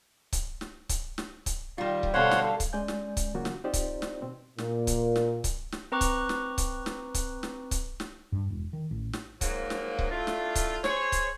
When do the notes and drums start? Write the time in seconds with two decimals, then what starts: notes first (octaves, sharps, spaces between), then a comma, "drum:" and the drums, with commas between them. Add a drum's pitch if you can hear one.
0.33 drum: kick C#1, hi-hat
0.61 drum: snare
0.89 drum: kick C#1, hi-hat
1.18 drum: snare
1.46 drum: kick C#1, hi-hat
1.78 D#3 G3 F4
2.03 drum: kick C#1
2.14 B2 D3 A4 C5 C#5 F5 F#5
2.31 drum: snare
2.60 drum: kick C#1, hi-hat
2.73 G#3 C#4 D5 G#5 G6
2.88 drum: snare
3.17 drum: kick C#1, hi-hat
3.34 C#3 E3 F#3 A#3 F4 F#4
3.45 drum: snare
3.64 C4 D#4 F4 G4 C5 D5
3.74 drum: kick C#1, hi-hat
4.02 drum: snare
4.22 B2 C4
4.58 A#2, drum: snare
4.87 drum: kick C#1, hi-hat
5.16 drum: snare
5.44 drum: kick C#1, hi-hat
5.72 drum: snare
5.92 C4 B4 A#5 C#6 D6 F#6
6.01 drum: kick C#1, hi-hat
6.29 drum: snare
6.58 drum: kick C#1, hi-hat
6.86 drum: snare
7.14 drum: kick C#1, hi-hat
7.43 drum: snare
7.71 drum: kick C#1, hi-hat
8.00 drum: snare
8.32 G2
8.50 E1
8.73 D#3
8.91 A1
9.13 drum: snare
9.41 G#2 F3 F#3 A#3, drum: kick C#1, hi-hat
9.70 drum: snare
9.99 drum: kick C#1
10.10 A3 D4 E4 F4
10.27 drum: snare
10.55 drum: kick C#1, hi-hat
10.84 G#4 C5 C#5, drum: snare
11.12 drum: kick C#1, hi-hat